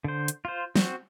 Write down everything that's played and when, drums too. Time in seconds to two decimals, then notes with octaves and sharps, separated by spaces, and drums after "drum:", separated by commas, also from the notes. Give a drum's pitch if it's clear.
0.04 D3 C5
0.28 drum: hi-hat
0.45 F4 C5
0.76 C4 F#4, drum: snare